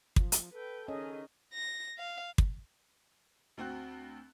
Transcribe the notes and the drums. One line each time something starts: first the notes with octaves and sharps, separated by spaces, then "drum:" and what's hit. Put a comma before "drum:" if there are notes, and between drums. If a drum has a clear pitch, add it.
F3, drum: kick
drum: hi-hat
A4 B4 G5
D#3 C#4 G#4 D#5
A#6
F5
drum: kick
D2 C4 F#4 F#6